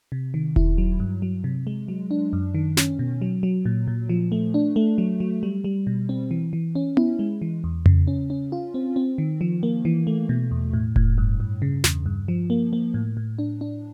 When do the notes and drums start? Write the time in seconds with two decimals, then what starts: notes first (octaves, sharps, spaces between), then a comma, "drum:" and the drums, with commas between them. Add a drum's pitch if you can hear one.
0.12 C3
0.34 D#3
0.56 E4, drum: kick E1
0.78 F#3
1.00 G2
1.22 F#3
1.44 C3
1.67 G#3
1.88 F#3
2.11 D4
2.33 F#2
2.55 D#3
2.77 C#4, drum: snare
2.99 B2
3.22 F#3
3.43 F#3
3.65 A#2
3.88 A#2
4.09 F3
4.32 A3
4.54 D4
4.76 A3
4.98 F#3
5.20 F#3
5.43 G3
5.64 G3
5.87 B2
6.09 C4
6.31 E3
6.53 E3
6.75 C#4
6.97 E4, drum: tom B3
7.19 G#3
7.42 E3
7.64 E2
7.86 C#3, drum: tom F2
8.07 C#4
8.30 C#4
8.52 F4
8.74 C4
8.96 C4
9.18 D#3
9.41 F3
9.63 A#3
9.85 E3
10.07 A3
10.29 B2
10.51 E2
10.73 A2
10.96 A2, drum: kick E1
11.18 G2
11.40 G2
11.62 C#3
11.84 E2, drum: snare
12.06 G2
12.28 F3
12.50 A#3
12.73 A#3
12.94 A2
13.17 A2
13.39 D4
13.61 D4